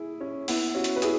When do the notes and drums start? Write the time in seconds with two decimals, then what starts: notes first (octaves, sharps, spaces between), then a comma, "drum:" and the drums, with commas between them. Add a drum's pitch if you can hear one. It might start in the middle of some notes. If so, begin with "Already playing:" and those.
Already playing: E4 G#4
0.21 C#4
0.48 B3 E4, drum: open hi-hat
0.75 C#4 F#4
0.84 drum: hi-hat
0.96 B4
1.02 E4 G#4, drum: hi-hat